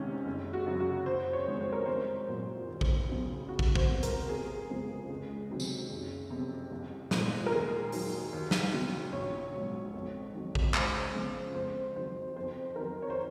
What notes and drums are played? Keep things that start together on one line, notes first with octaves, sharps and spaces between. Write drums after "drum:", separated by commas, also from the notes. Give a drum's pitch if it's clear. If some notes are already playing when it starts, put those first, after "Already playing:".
Already playing: C2 C3 D#3 G#3 C#4
F#1
F#4
F#2 C#3
F#4
F#1 C5
C#5
F2 D#3 G#3
C5
A#4
C2 C5
A#2 F#3
D#2
drum: kick
C#3 F#3
C2 F#4
drum: kick
C5, drum: kick
C3 F#3
A#4, drum: hi-hat
F1 G#4
F2 C#3 F3 G#3
C#2
C3 D#3 F#3
drum: tambourine
F#1
F2 C3
C2
A#2 F3 G#3, drum: snare
A#4
D#2 G#4
D#3 F#3, drum: open hi-hat
D#2
drum: snare
C#3 F#3
A#1 C#5
G#2 F#3
F2
D#3 F#3
drum: kick
C#2 C5, drum: clap
C#3 F3 G#3 C5
F2 C5
D#3 F#3 C5
F2 C5
D#3 F#3 A#4
C#5
C5